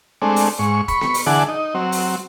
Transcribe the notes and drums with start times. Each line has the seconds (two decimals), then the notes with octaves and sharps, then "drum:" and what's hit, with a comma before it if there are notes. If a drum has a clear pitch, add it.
0.22 G#3 A3 C4 D4
0.36 drum: open hi-hat
0.59 G#2 C#6
0.88 B5 C#6, drum: kick E1, hi-hat
1.01 drum: snare B3
1.14 drum: open hi-hat
1.26 D3 E3 G#4 F#5 A5 D6
1.48 D#4
1.75 F#3 C4
1.92 drum: open hi-hat